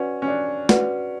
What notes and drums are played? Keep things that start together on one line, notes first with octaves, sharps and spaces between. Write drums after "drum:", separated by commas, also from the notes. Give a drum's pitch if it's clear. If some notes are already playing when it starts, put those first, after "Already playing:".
Already playing: C#4 F#4 B4 D5 F#5
C#4
D4
F#4 B4 D5 F#5, drum: snare